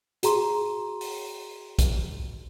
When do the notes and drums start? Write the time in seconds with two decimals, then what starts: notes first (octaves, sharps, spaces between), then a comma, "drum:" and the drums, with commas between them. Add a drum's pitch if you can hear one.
0.23 F#4 G#4 A#5 C6, drum: hi-hat
1.01 drum: open hi-hat
1.79 drum: kick, hi-hat